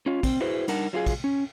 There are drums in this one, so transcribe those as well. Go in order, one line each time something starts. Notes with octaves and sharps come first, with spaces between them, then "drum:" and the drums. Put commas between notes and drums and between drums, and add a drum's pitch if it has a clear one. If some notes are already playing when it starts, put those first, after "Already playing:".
C#4 F4
C4, drum: kick, cymbal
E4 F#4 G#4 B4 C5
G3 D4 D#4 A#4 F#5 A5, drum: cymbal
F#3 F4 G4 G#4 F5
drum: kick, cymbal
C#4